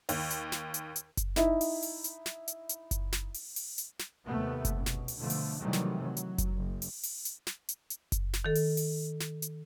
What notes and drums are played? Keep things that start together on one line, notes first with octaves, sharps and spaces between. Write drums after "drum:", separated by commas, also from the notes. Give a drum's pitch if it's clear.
D#2, drum: open hi-hat
drum: hi-hat
drum: snare
drum: hi-hat
drum: hi-hat
drum: kick F#1, hi-hat
D#4 E4 E5, drum: snare
drum: open hi-hat
drum: open hi-hat
drum: hi-hat
drum: snare
drum: hi-hat
drum: hi-hat
drum: kick F#1, hi-hat
drum: snare
drum: open hi-hat
drum: open hi-hat
drum: hi-hat
drum: snare
D#2 C3 A3 B3
drum: kick F#1, hi-hat
C#2 B2
drum: snare
drum: open hi-hat
B2 D3 F3 A3
drum: open hi-hat
C3 D#3 E3 F#3 G3 A3
drum: snare
F#3
drum: hi-hat
drum: kick F#1, hi-hat
F#1
drum: open hi-hat
drum: open hi-hat
drum: hi-hat
drum: snare
drum: hi-hat
drum: hi-hat
drum: kick F#1, hi-hat
drum: snare
D#3 A4
drum: open hi-hat
drum: open hi-hat
drum: snare
drum: hi-hat